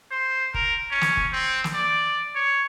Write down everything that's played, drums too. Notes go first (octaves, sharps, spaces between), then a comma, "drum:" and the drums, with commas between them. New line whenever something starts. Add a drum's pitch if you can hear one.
C5
A#4, drum: kick F1
C#4
drum: snare
drum: kick F1
C4
drum: snare
D5
C#5